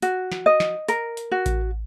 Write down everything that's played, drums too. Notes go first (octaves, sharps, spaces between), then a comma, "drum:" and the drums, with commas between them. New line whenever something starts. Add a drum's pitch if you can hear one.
F#4, drum: hi-hat
drum: snare
D#5
drum: snare
A#4, drum: hi-hat
drum: hi-hat
F#4
drum: kick A1, hi-hat